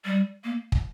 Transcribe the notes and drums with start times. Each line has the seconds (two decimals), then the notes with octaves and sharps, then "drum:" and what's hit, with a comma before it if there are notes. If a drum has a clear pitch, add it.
0.05 G3
0.44 A#3
0.72 drum: kick